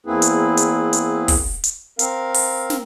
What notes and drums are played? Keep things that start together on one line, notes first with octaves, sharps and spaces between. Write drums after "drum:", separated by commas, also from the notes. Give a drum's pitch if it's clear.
E2 A#3 C4 E4 G#4 B4
drum: hi-hat
drum: hi-hat
drum: hi-hat
drum: kick, open hi-hat
drum: hi-hat
C4 A#4 F5, drum: hi-hat
drum: open hi-hat
drum: snare